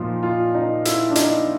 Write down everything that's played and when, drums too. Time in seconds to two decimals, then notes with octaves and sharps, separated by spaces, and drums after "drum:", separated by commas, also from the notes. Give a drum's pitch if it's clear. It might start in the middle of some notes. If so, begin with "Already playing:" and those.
Already playing: A#2 F3 D#4 F4
0.23 F4
0.55 D#4
0.85 E4, drum: hi-hat
1.10 D4
1.15 D#4, drum: hi-hat